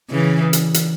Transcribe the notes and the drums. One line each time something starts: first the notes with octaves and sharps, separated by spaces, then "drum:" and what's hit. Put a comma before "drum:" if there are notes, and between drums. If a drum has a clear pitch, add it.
C#3 E3
drum: hi-hat
drum: hi-hat